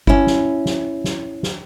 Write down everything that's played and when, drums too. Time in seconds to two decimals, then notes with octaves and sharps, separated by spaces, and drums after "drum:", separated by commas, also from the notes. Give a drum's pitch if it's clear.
0.07 C#4 E4, drum: kick G1
0.27 drum: snare
0.66 drum: snare
1.04 drum: snare
1.43 drum: snare